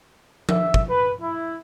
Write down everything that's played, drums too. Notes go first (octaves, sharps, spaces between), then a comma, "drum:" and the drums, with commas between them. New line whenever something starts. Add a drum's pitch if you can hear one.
E5, drum: tom F3
drum: kick
B4
E4